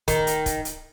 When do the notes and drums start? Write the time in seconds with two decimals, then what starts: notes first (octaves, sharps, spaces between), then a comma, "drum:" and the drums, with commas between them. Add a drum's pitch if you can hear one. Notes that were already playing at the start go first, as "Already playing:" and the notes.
0.08 D#3, drum: kick, hi-hat
0.27 drum: hi-hat
0.46 drum: kick, hi-hat
0.65 drum: hi-hat